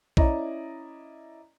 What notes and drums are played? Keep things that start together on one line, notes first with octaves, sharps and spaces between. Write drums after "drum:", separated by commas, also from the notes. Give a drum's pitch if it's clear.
C#4 E4 D5 D#5 A#5, drum: kick B1